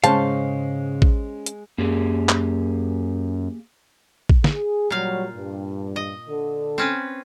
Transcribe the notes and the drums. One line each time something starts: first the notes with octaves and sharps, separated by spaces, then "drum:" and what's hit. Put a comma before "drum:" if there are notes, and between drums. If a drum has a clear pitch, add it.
G#2 C#3 G#3 C#4 C5 F5 A5, drum: hi-hat
drum: kick
drum: hi-hat
F#2 A#3 G4 G#4
drum: clap
drum: kick
G#4, drum: snare
A#2 F#3 G3 F5
G2
D#5
D3 A4
C4 C#4 B4